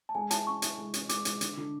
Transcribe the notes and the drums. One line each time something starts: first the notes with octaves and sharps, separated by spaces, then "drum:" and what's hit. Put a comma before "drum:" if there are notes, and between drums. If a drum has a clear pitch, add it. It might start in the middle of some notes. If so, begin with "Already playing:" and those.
A5
G#3 G#5
E4 A5, drum: hi-hat
C#4 C#6
E4, drum: hi-hat
G#3
C#4, drum: hi-hat
G#3 D6, drum: hi-hat
G#3, drum: hi-hat
D3, drum: hi-hat
D3